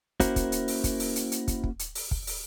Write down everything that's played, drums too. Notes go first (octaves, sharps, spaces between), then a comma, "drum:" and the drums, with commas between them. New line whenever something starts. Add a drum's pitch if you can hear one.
A#3 C#4 E4 F#4 A#4 C5, drum: kick, hi-hat
drum: kick, hi-hat
drum: hi-hat
drum: open hi-hat
drum: kick, hi-hat
drum: open hi-hat
drum: hi-hat
drum: hi-hat
drum: kick, hi-hat
drum: kick
drum: hi-hat
drum: open hi-hat
drum: kick
drum: open hi-hat